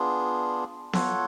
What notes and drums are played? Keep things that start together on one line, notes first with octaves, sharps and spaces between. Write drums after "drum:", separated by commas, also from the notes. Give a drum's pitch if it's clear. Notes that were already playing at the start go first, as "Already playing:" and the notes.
Already playing: B3 D4 F4 G#4
F4 A4 C#5 F#5, drum: snare B3